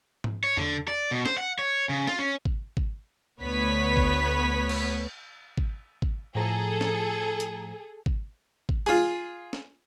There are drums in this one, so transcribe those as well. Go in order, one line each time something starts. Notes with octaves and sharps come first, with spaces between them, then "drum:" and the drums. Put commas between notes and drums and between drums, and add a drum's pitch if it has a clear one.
drum: tom G#2
C#5
D3, drum: tom E2
D5
B2
C5, drum: snare
F#5
C#5
C#3
F4, drum: snare
C#4
drum: kick G#1
drum: kick G#1
D2 B3 B4 C#5 B6
drum: kick G#1
drum: cymbal
drum: kick G#1
drum: kick G#1
A2 F3 G#4 A4 A#5
drum: snare
drum: hi-hat
drum: kick G#1
drum: kick G#1
F4 G#4, drum: open hi-hat
drum: snare